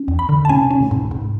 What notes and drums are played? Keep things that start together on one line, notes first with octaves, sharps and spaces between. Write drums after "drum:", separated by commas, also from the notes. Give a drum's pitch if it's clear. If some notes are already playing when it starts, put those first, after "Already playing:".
Already playing: C#4
E2
B5
D3
A5
C#4 G#5, drum: tom C3
C#4
drum: tom C3
G#2
G#2